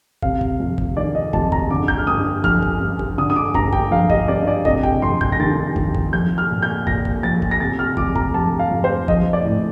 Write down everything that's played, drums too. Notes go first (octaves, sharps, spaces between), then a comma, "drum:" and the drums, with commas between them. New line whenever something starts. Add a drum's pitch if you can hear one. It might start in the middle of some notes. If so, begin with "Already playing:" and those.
C3 F5, drum: kick
drum: kick
F2
drum: kick
D#3 D5
D#5
F2 A5, drum: kick
A#5, drum: kick
D3 D6
G6, drum: kick
F6
G2 D#6
F3 F6, drum: kick
drum: kick
G2
drum: kick
D3 D#6
D#6
D6
G2 A#5, drum: kick
G5, drum: kick
F3 F5
D#5, drum: kick
G2 D5
D5
C3 D#5, drum: kick
G5, drum: kick
F2 C6
G6, drum: kick
A#6
D#3 A6
F2, drum: kick
drum: kick
F3 G6
F6
A#2
G6
A#2 A#6, drum: kick
drum: kick
F3 A6
drum: kick
A#6
C3 A6
F6
F2 D6, drum: kick
A#5, drum: kick
F3 A5
F5
F2
C5
F3 D#5, drum: kick
D5
A2